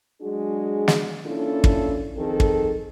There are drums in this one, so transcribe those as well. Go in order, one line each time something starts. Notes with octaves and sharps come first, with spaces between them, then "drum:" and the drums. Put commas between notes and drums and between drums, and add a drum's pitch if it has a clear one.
F#3 G#3 D4 F#4 G#4
drum: snare
A#3 C#4 D4 E4 F4 A4
drum: kick
F2 D#3 C4 G#4 A4
drum: kick